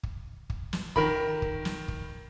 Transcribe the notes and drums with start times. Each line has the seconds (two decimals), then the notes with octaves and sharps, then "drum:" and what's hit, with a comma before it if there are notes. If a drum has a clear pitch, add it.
0.03 drum: kick
0.50 drum: kick
0.73 drum: snare
0.96 D#3 A#4 B5, drum: kick
1.42 drum: kick
1.65 drum: snare
1.88 drum: kick